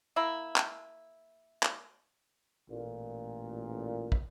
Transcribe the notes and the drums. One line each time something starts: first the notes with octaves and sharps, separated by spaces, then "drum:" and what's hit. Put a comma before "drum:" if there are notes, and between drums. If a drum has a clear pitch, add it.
A#3 E4
drum: clap
drum: clap
A1 A#2
drum: kick